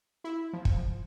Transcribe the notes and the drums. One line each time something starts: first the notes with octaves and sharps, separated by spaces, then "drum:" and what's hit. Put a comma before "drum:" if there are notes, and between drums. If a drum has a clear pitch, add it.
E4
F3
drum: kick